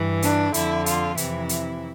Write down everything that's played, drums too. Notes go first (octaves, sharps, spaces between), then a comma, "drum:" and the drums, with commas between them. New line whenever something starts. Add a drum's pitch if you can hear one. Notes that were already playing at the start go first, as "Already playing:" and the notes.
Already playing: G2 E3
D4, drum: hi-hat
F2 D3 E4, drum: hi-hat
F4, drum: hi-hat
F2 C3 E3 E4, drum: hi-hat
drum: hi-hat